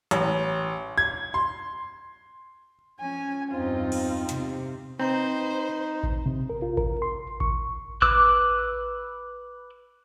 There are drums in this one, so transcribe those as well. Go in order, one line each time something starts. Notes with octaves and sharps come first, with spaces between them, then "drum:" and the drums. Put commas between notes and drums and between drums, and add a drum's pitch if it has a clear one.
A1, drum: hi-hat
G#6
C6
F3 C#4 G#5
E2 G2 C4 D#4 F4
drum: cymbal
C3, drum: hi-hat
C4 D#4 B4 C5
drum: kick A1
C3
A#4
F4
A#4, drum: kick A1
C6
C#6, drum: kick A1
B4 D6 E6 F#6, drum: kick A1